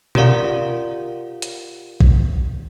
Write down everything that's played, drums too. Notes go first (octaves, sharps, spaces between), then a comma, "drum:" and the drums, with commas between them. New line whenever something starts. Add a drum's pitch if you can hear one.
F4 G4 A#4 D5 F5 F#5, drum: tom
drum: hi-hat
drum: kick A#1